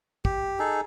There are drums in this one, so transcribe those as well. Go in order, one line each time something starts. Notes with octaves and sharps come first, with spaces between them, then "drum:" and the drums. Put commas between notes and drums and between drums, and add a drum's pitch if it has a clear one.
G4, drum: kick
D#4 G#4 A4